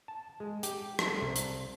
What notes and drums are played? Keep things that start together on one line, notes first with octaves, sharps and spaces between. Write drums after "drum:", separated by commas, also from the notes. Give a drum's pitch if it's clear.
A5
G#3
G4, drum: hi-hat
A4, drum: rim click
C2
drum: hi-hat